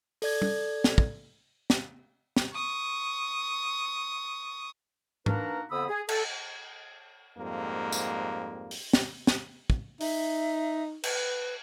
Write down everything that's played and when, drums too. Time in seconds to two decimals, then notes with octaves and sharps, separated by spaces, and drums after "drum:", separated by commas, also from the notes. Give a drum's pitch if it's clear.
0.22 A4 D5 G#6, drum: open hi-hat
0.42 drum: tom
0.84 drum: snare
0.98 drum: kick
1.70 drum: snare
2.37 drum: snare
2.53 C#6 D#6
5.26 A#3 D4 D#4 F#4 A#4 B4, drum: tom
5.70 F2 D3 B3 B5 D#6 E6
5.89 G#4
6.09 A4, drum: cymbal
7.38 F2 G#2 G3 A#3
7.92 drum: tambourine
8.71 drum: open hi-hat
8.93 drum: snare
9.27 drum: snare
9.70 drum: kick
10.00 D#4 E5, drum: open hi-hat
11.04 B4, drum: cymbal